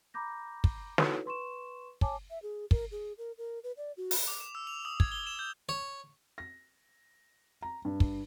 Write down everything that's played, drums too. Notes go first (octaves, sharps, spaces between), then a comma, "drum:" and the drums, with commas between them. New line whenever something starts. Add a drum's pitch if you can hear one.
A#5 B5 D6 G6 A#6
drum: kick
D#4 E4 F#4 A4 B4 C#5, drum: snare
B4 C6 C#6 E7
C#5 G#5 A5 D6, drum: kick
E5
G#4
A#4, drum: kick
G#4
A#4
A#4
B4
D5
F#4
drum: open hi-hat
D6
E7
E6
F7
D#6
G#6, drum: kick
G7
E7
G6
C#5
A#6
A#5
G2
drum: kick